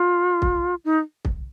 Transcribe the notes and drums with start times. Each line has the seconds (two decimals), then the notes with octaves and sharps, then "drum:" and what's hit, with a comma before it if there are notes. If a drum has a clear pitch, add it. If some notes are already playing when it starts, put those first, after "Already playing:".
Already playing: F4
0.42 drum: kick
0.85 D#4
1.25 drum: kick